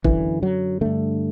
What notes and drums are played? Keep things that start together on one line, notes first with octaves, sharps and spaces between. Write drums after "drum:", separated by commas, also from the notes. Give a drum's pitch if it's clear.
F#2 D3 E3, drum: kick
F#3
G2 D3 A3